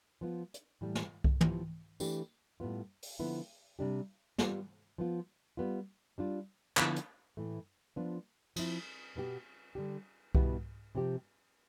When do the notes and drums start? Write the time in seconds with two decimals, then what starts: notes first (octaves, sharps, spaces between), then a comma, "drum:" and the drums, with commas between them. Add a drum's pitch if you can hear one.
0.21 F3 B3 F4
0.54 drum: hi-hat
0.81 A2 E3 G3
0.95 drum: snare
1.24 drum: kick C2
1.41 F3 B3 E4 G4, drum: tom
2.00 E3 A3 D4 G4, drum: tambourine
2.60 A2 G3 B3 F4
3.02 drum: open hi-hat
3.19 D3 F3 B3 E4
3.79 C3 G3 D4 G4
4.38 G3 B3 F4, drum: snare
4.98 F3 B3 F4
5.57 G3 B3 F4
6.18 G3 D4 F4
6.77 D3 F3 B3 E4, drum: clap
6.96 drum: hi-hat
7.37 A2 E3 A3
7.96 F3 B3 D4 F4
8.56 F3 C4 E4, drum: cymbal
9.16 B2 B3 E4 G4
9.75 D3 G3 D4 G4
10.35 B2 G3 B3 E4 G4, drum: kick C2
10.95 C3 F3 C4 G4